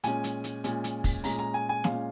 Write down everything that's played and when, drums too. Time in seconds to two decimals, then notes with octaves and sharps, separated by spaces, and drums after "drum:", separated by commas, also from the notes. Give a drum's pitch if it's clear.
0.04 A#2 G#3 C#4 G#5, drum: hi-hat
0.24 drum: hi-hat
0.44 drum: hi-hat
0.64 A#2 G#3 C#4, drum: hi-hat
0.84 drum: hi-hat
1.04 drum: kick, open hi-hat
1.24 A#2 G#3 C#4 A#5, drum: open hi-hat
1.39 A#5
1.54 G#5
1.69 G#5
1.84 A#2 G#3 C#4 F5, drum: snare